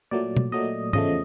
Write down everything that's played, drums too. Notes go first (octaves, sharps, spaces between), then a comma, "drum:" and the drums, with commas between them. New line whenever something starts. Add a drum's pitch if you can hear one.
A#2 F#3 A3 D5
drum: tom
A#2 F#3 A3 D#5
E2 C#3 F3 A3 D#5, drum: tom G#2